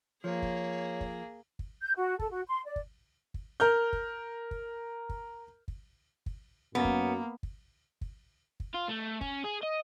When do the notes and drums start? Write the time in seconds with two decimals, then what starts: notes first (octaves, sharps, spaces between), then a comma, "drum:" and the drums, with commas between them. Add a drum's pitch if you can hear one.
0.24 F3 A#3 G#4 C#5
0.42 drum: kick
1.01 drum: kick
1.59 drum: kick
1.82 G6
1.96 F#4
2.19 A4, drum: kick
2.31 F#4
2.47 C6
2.66 D5
2.76 drum: kick
3.34 drum: kick
3.60 A#4 F6 G6
3.93 drum: kick
4.51 drum: kick
5.09 drum: kick
5.68 drum: kick
6.26 drum: kick
6.75 F#2 A#3 B3
6.85 drum: kick
7.43 drum: kick
8.01 drum: kick
8.60 drum: kick
8.74 F4
8.89 A3
9.21 C#4, drum: kick
9.44 G#4
9.63 D#5